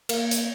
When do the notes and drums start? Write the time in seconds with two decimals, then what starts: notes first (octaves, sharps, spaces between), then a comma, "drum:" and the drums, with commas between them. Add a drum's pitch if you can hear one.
0.09 A#3, drum: cymbal
0.31 drum: hi-hat